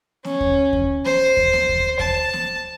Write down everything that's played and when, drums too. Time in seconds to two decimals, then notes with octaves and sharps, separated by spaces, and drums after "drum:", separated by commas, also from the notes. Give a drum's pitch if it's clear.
0.24 C#4, drum: snare B3
0.41 drum: kick D#2
0.73 drum: kick D#2
1.05 C5, drum: snare B3
1.37 drum: kick D#2
1.53 drum: snare B3
1.69 drum: kick D#2
2.00 A5, drum: kick D#2
2.33 drum: snare B3